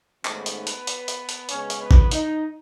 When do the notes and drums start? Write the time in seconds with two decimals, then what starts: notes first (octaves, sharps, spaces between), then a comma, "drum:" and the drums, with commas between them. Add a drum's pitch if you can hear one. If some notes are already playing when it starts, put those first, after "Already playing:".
0.25 G#2 D#3 A3 B3 C#4 B4, drum: clap
0.46 drum: hi-hat
0.67 drum: hi-hat
0.87 drum: hi-hat
1.08 drum: hi-hat
1.29 drum: hi-hat
1.49 C#3 G#3 B3 C#4 C#5, drum: hi-hat
1.70 drum: hi-hat
1.80 B3 B4
1.91 drum: kick A1
2.11 D#4, drum: hi-hat